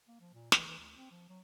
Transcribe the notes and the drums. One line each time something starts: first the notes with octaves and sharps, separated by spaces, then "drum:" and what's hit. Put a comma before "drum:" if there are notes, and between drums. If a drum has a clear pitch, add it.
A#3
F3
A#2
E3, drum: snare
E3
D2
C4
F3
F#3